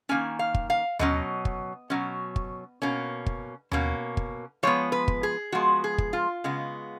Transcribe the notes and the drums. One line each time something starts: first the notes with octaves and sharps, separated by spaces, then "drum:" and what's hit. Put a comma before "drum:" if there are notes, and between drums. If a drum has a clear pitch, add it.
D#3 A#3 C#4 G#5
F5
drum: kick
F5
B2 F#3 C#4 D#5, drum: tom D#2
drum: kick
B2 F#3 C#4
drum: kick
B2 A#3 C#4
drum: kick
B2 A#3 C#4, drum: tom D#2
drum: kick
F3 G#3 B3 C#5
B4
drum: kick
G#4
F3 G#3 B3 F#4
G#4
drum: kick
F4
C#3 G#3 B3